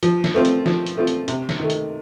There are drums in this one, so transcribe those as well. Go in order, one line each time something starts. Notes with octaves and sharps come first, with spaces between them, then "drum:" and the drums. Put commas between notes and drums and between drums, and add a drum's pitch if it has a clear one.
F3, drum: hi-hat
drum: snare
A3 C4 F4
drum: hi-hat
F3, drum: snare
drum: hi-hat
A3 C4 F4
drum: hi-hat
C3, drum: hi-hat
drum: snare
D#3 A3
drum: hi-hat